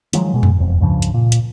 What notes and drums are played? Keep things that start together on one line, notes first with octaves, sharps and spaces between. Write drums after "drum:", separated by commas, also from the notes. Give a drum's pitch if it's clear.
D#3 F3 F#3 G#3, drum: hi-hat
B2 G#3
drum: tom F2
E1 F2
C#2 G2 C#3 F3
drum: hi-hat
A#2
drum: hi-hat